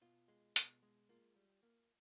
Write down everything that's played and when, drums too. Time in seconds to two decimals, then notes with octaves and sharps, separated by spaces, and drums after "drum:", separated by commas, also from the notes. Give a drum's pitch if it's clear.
0.01 B2 F4
0.28 G#3
0.56 B2, drum: hi-hat
0.83 G#3
1.09 A#3 F4
1.36 G3
1.63 A#3